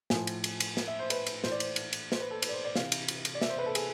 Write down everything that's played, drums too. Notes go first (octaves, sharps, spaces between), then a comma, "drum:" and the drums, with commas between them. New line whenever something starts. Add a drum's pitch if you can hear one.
A2 F3 G#5, drum: snare
drum: cymbal
drum: cymbal
drum: cymbal
drum: snare
E5
C5
B4, drum: cymbal
drum: cymbal
A2 E3 C5, drum: snare
D5
C5, drum: cymbal
drum: cymbal
drum: cymbal
C5, drum: snare
B4
A4
B4, drum: cymbal
D5
C5
D5
C3 E3 F5, drum: snare
drum: cymbal
drum: cymbal
drum: cymbal
D5
E5, drum: snare
C5
B4
A4
G#4, drum: cymbal